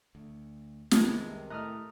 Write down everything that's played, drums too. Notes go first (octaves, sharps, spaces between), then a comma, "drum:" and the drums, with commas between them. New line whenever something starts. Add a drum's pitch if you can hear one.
D2
C2 C3 D#3 G#3 B4 A5, drum: snare
A2 A3 D#5 A#5 D#6 F6 F#6